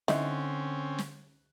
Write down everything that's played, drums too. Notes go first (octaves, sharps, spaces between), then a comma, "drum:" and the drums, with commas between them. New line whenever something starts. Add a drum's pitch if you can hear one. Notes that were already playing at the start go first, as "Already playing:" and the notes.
D3 C4 C#4 D#4 E4, drum: snare
drum: snare